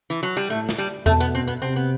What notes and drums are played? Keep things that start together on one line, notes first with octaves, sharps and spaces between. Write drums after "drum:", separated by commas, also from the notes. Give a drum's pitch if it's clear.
E3
F#3
G3
A2 A3
drum: snare
G3
B2 A3, drum: tom E2
B3
C4
B3
C3 C4
B3